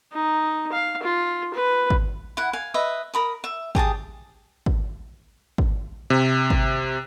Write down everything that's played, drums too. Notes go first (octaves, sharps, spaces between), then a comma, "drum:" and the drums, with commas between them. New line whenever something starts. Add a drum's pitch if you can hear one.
D#4
F5
F4
B4
drum: kick
E4 F#5
F5 G#5
B4 D#5 E5
A#4 B5 D#6
E5
G4 G#4 A5 D#6, drum: kick
drum: kick
drum: kick
C3
drum: kick